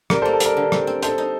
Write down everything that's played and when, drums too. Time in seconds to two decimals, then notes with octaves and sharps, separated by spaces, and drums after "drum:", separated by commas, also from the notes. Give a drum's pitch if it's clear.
0.10 G3 A#4, drum: rim click
0.22 A4 C5
0.25 A#3
0.33 A4
0.40 G3 A#4, drum: hi-hat
0.57 D3
0.72 C4, drum: rim click
0.87 C4
1.02 D#4 A4 C5, drum: hi-hat
1.18 D#4